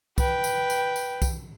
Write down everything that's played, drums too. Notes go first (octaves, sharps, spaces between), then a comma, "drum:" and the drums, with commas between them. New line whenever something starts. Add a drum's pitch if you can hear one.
B4 G5, drum: kick C2, tambourine
drum: tambourine
drum: tambourine
drum: tambourine
drum: kick C2, tambourine